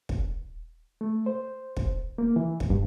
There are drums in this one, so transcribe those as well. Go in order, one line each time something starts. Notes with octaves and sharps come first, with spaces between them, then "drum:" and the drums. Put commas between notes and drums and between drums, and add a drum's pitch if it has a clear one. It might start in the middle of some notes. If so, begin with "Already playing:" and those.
drum: kick
A3
C5
drum: kick
A#3
E3
drum: kick
G2